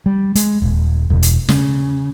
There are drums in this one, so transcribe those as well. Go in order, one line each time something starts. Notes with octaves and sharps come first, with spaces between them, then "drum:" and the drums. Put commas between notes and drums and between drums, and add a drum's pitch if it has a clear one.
G3
G#3, drum: hi-hat
D#1
E1
drum: hi-hat
C#3, drum: snare